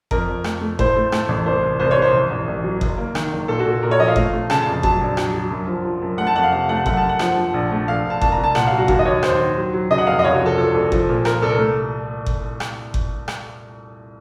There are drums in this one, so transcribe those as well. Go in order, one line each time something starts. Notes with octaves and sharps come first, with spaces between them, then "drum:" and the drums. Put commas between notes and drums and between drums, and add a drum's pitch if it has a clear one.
F2 A#4, drum: kick F#1
F2
A3, drum: rim click
A3
A2 C5, drum: kick F#1
A3
A3, drum: rim click
A1
C2 C5
C2
C2 C5
C#5
C3
C5
A1
A1
A1
F#3
F#1, drum: kick F#1
A#3
D#3, drum: rim click
F#1
A#2 A4
F#4
A#2
A4
A#2 A#4
C#5
F3 D#5
F5
A3, drum: kick F#1
A3
C#3 A5, drum: rim click
A5
F2
A5
F#3 A5, drum: kick F#1
A#1
F#3, drum: rim click
F#3
F#2
F3
F3
F#2
A3 F#5
A5
F2 F#5
F5
C3 F#5
A3 F#5
F#2 F#5, drum: kick F#1
A5
F#2
F#5
F3 F#5, drum: rim click
F3
A#1
A3
A#1 F5
A#1
A5
C2 A5, drum: kick F#1
A#5
C2
A5
A#2 F#5, drum: rim click
F#3 F5
F#4
D#2 F#4, drum: kick F#1
D#5
D#2 C#5
D#2 C5, drum: rim click
D#3
F#3
F#3
C#3 D#5
F#5
F1 F5
D#5
C2 C#5
F#4
F3 A4
F3 A4
C2
F3, drum: kick F#1
A#2
F3 A#4, drum: rim click
C2 A4
A#4
A3
drum: kick F#1
drum: rim click
drum: kick F#1
drum: rim click